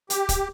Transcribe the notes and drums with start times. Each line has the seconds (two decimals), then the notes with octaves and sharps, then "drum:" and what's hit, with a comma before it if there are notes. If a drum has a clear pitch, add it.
0.10 G4, drum: hi-hat
0.29 drum: kick, hi-hat